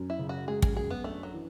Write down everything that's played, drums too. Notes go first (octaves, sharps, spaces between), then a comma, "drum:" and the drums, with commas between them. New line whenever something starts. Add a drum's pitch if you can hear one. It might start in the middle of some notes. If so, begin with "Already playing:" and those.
Already playing: F#2
E4
C#3
F#4
G#3 G#4
G#4, drum: kick
F#2 G#4
B3
A3 D4
F#3
E3